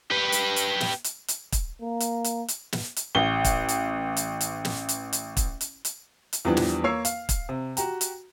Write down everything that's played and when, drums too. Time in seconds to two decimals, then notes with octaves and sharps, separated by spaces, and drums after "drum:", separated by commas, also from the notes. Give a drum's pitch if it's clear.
0.11 G4 B4
0.32 drum: hi-hat
0.56 drum: hi-hat
0.80 drum: snare
1.04 drum: hi-hat
1.28 drum: hi-hat
1.52 drum: kick, hi-hat
1.82 A#3
2.00 drum: hi-hat
2.24 drum: hi-hat
2.48 drum: hi-hat
2.72 drum: snare
2.96 drum: hi-hat
3.15 A1 G7
3.45 drum: kick, hi-hat
3.69 drum: hi-hat
4.17 drum: hi-hat
4.41 drum: hi-hat
4.65 drum: snare
4.89 drum: hi-hat
5.13 drum: hi-hat
5.37 drum: kick, hi-hat
5.61 drum: hi-hat
5.85 drum: hi-hat
6.33 drum: hi-hat
6.45 E2 E3 F3 G3 B3 D4
6.57 drum: snare
6.84 A#3 C#5 E6 C7
7.05 F5, drum: hi-hat
7.29 drum: kick, hi-hat
7.49 C3
7.77 F#4 G4 A#5, drum: hi-hat
8.01 drum: hi-hat